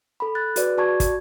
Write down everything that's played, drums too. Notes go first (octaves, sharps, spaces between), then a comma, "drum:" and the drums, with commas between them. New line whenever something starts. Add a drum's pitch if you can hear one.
A4 B5
F#6 A6
F#4 G#4 B4 D5, drum: hi-hat
F#4 D5 A5 C#6 G#6
drum: kick, hi-hat